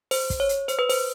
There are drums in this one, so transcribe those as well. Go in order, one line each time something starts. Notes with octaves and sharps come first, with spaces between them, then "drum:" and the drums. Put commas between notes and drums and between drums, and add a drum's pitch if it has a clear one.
C5, drum: open hi-hat
drum: kick, hi-hat
C#5
drum: hi-hat
C5, drum: hi-hat
B4
C5, drum: open hi-hat